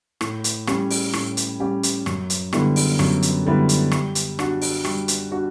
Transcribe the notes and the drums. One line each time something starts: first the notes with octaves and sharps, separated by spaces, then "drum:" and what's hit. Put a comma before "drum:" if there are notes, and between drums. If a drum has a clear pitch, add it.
A2, drum: rim click
drum: hi-hat
G3 C#4 G4, drum: rim click
drum: open hi-hat
A2, drum: rim click
drum: hi-hat
G3 C#4 G4
drum: hi-hat
F#2, drum: rim click
drum: hi-hat
D3 G3 B3 E4, drum: rim click
drum: open hi-hat
F#2, drum: rim click
drum: hi-hat
D3 G3 B3 E4
drum: hi-hat
G3, drum: rim click
drum: hi-hat
D4 F#4, drum: rim click
drum: open hi-hat
G3, drum: rim click
drum: hi-hat
D4 F#4